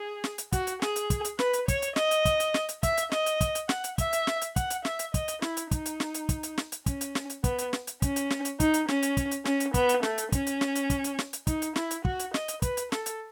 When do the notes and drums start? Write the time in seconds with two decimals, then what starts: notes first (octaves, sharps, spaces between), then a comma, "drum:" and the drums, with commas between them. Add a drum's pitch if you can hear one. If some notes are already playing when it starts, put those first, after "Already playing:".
Already playing: G#4
0.24 drum: snare
0.38 drum: hi-hat
0.52 F#4, drum: kick, hi-hat
0.67 drum: hi-hat
0.82 G#4, drum: snare
0.96 drum: hi-hat
1.10 drum: kick, hi-hat
1.25 drum: hi-hat
1.39 B4, drum: snare
1.53 drum: hi-hat
1.68 C#5, drum: kick, hi-hat
1.82 drum: hi-hat
1.96 D#5, drum: snare
2.11 drum: hi-hat
2.25 drum: kick, hi-hat
2.40 drum: hi-hat
2.54 drum: snare
2.69 drum: hi-hat
2.83 E5, drum: kick, hi-hat
2.97 drum: hi-hat
3.12 D#5, drum: snare
3.26 drum: hi-hat
3.41 drum: kick, hi-hat
3.55 drum: hi-hat
3.69 F#5, drum: snare
3.84 drum: hi-hat
3.98 E5, drum: kick, hi-hat
4.13 drum: hi-hat
4.27 drum: snare
4.41 drum: hi-hat
4.56 F#5, drum: kick, hi-hat
4.70 drum: hi-hat
4.85 E5, drum: snare
4.99 drum: hi-hat
5.14 D#5, drum: kick, hi-hat
5.28 drum: hi-hat
5.42 E4, drum: snare
5.57 drum: hi-hat
5.71 D#4, drum: kick, hi-hat
5.86 drum: hi-hat
6.00 drum: snare
6.14 drum: hi-hat
6.29 drum: kick, hi-hat
6.43 drum: hi-hat
6.58 drum: snare
6.72 drum: hi-hat
6.86 C#4, drum: kick, hi-hat
7.01 drum: hi-hat
7.15 drum: snare
7.30 drum: hi-hat
7.44 B3, drum: kick, hi-hat
7.58 drum: hi-hat
7.73 drum: snare
7.87 drum: hi-hat
8.02 C#4, drum: kick, hi-hat
8.16 drum: hi-hat
8.30 drum: snare
8.45 drum: hi-hat
8.60 D#4, drum: kick, hi-hat
8.74 drum: hi-hat
8.88 C#4, drum: snare
9.02 drum: hi-hat
9.17 drum: kick, hi-hat
9.31 drum: hi-hat
9.45 C#4, drum: snare
9.60 drum: hi-hat
9.74 B3, drum: kick, hi-hat
9.89 drum: hi-hat
10.03 A3, drum: snare
10.18 drum: hi-hat
10.32 C#4, drum: kick, hi-hat
10.47 drum: hi-hat
10.61 drum: snare
10.75 drum: hi-hat
10.90 drum: kick, hi-hat
11.04 drum: hi-hat
11.19 drum: snare
11.33 drum: hi-hat
11.47 D#4, drum: kick, hi-hat
11.62 drum: hi-hat
11.76 E4, drum: snare
11.91 drum: hi-hat
12.05 F#4, drum: kick
12.19 drum: hi-hat
12.34 D#5, drum: snare
12.48 drum: hi-hat
12.62 B4, drum: kick, hi-hat
12.77 drum: hi-hat
12.92 A4, drum: snare
13.06 drum: hi-hat